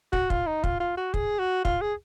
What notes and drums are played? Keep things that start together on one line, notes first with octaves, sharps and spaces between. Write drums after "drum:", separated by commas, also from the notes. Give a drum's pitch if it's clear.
F#4, drum: kick
F4, drum: kick
D#4
F4, drum: kick
F4
F#4
G#4, drum: kick
F#4
F4, drum: kick
G#4